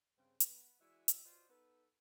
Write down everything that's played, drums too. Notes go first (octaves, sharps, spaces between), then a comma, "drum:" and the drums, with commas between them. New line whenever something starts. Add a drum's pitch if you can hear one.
G2 C#3 C4
B3 B4, drum: hi-hat
E3 G#3 E4 F#4 D5 E5
drum: hi-hat
F4 F#4 B4 C5 D5 D#5
B3 D#4 A4 B4